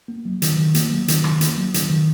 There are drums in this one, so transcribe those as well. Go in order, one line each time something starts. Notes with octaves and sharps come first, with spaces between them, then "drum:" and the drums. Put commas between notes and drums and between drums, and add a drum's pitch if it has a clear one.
A#3
F#3
D#3, drum: hi-hat
D#3
A#3, drum: hi-hat
F#3
D#3, drum: hi-hat
D#3, drum: rim click
A#3, drum: hi-hat
F#3
D#3, drum: hi-hat
D#3